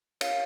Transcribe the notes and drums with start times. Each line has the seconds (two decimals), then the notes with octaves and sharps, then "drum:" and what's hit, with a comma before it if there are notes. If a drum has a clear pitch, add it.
0.21 C#5 F5, drum: cymbal